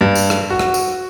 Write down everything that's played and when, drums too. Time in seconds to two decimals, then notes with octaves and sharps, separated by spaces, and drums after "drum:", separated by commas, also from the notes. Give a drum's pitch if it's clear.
0.01 G2
0.15 drum: tambourine
0.30 drum: rim click
0.50 F#4
0.59 drum: rim click
0.74 drum: tambourine